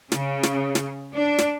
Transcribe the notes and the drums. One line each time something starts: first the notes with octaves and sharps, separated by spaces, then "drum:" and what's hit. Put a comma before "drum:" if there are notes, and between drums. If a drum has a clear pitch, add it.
C#3, drum: snare
drum: snare
drum: snare
D4
drum: snare